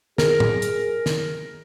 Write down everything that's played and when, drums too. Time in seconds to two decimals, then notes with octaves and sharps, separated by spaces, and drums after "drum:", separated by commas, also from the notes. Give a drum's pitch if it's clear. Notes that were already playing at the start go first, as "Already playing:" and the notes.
0.18 G#4 A#4, drum: snare
0.40 drum: tom A2
0.62 drum: hi-hat
1.06 drum: snare